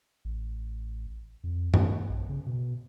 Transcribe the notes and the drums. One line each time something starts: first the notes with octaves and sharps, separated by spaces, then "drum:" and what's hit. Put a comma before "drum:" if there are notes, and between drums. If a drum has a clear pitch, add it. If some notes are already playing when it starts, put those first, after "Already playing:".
A1
F2
G2, drum: tom G2
A#1
C#3
B2